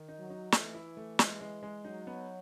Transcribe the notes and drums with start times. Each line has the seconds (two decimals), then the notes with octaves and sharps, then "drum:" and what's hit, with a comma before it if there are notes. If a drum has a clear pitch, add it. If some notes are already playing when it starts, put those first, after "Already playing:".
Already playing: D#3
0.08 D#4
0.19 F#3
0.30 D#4
0.52 E3 A3, drum: snare
0.75 E4
0.97 A3
1.19 G#3, drum: snare
1.41 G#3
1.63 G#3
1.85 F#3 D#4
2.07 B3